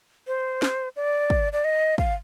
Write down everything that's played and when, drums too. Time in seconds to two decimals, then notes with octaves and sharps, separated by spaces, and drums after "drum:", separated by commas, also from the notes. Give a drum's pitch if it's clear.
0.27 C5
0.62 drum: snare
0.96 D5
1.30 drum: kick
1.53 D5
1.64 D#5
1.98 F5, drum: kick